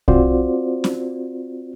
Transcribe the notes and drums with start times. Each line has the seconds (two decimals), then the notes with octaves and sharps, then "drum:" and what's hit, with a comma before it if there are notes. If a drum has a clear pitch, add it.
0.08 C4 F4 F#4 C5 D5, drum: kick
0.84 drum: snare C#4